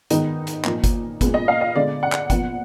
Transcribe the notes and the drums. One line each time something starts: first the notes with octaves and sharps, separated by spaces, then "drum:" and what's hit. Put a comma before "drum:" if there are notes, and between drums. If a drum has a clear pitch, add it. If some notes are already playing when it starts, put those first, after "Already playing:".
D#3 G#3 B3 D#4, drum: hi-hat
drum: hi-hat
A#2 F3 A#3, drum: clap
drum: kick G1, hi-hat
A#2 G#3 B3, drum: kick G1, hi-hat
D#5
F5
D#5
D3 G#3 B3 D5
F#5
drum: clap
A#2 F3 B3 F#5, drum: kick G1, hi-hat